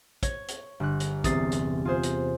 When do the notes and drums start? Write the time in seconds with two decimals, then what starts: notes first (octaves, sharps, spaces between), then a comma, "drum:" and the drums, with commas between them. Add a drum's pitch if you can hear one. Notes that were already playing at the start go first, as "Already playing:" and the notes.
0.23 C#5, drum: kick, hi-hat
0.48 drum: hi-hat
0.80 G1 F#6
1.00 drum: hi-hat
1.24 E2 C3 D#6 A6 C7, drum: kick, hi-hat
1.52 drum: hi-hat
1.85 F4 G#4 C5
2.03 drum: hi-hat